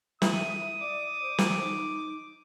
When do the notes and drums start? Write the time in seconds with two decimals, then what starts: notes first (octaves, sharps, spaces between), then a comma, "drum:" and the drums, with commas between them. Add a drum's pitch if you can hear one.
0.22 E4 E5 D#6, drum: snare
0.81 D5 D6
1.22 C5
1.38 drum: snare
1.61 D#4